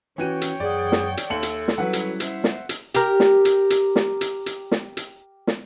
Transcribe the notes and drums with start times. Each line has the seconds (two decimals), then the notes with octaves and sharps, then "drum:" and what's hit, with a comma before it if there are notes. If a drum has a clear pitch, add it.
0.18 E3 C#4 F#4 C#5 G5 D#7
0.41 drum: hi-hat
0.60 F#2 G#4 B4 D5 F#5
0.92 drum: snare
1.17 drum: hi-hat
1.30 D#2 A4 E5 C#7 F#7
1.43 drum: hi-hat
1.68 drum: snare
1.78 F#3 G3 C#4 E4 B4 F#5
1.93 drum: hi-hat
2.20 C5 E5, drum: hi-hat
2.44 drum: snare
2.69 drum: hi-hat
2.94 G4 A#4, drum: hi-hat
3.20 drum: snare
3.45 drum: hi-hat
3.70 drum: hi-hat
3.96 drum: snare
4.21 drum: hi-hat
4.46 drum: hi-hat
4.72 drum: snare
4.97 drum: hi-hat
5.47 drum: snare